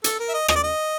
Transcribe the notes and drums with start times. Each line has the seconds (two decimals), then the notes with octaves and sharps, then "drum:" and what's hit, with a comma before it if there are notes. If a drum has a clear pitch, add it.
0.04 A4, drum: hi-hat
0.20 A#4
0.29 E5
0.34 D#5
0.48 D#5, drum: rim click
0.56 D5
0.64 D#5